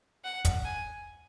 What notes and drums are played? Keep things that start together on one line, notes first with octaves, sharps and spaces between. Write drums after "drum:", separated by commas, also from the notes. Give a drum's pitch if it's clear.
F#5
drum: kick, hi-hat
G#5